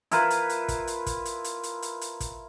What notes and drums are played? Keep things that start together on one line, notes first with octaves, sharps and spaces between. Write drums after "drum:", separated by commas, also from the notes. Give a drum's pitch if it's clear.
E4 F4 A#4 B4, drum: hi-hat
drum: hi-hat
drum: hi-hat
drum: kick, hi-hat
drum: hi-hat
drum: kick, hi-hat
drum: hi-hat
drum: hi-hat
drum: hi-hat
drum: hi-hat
drum: hi-hat
drum: kick, hi-hat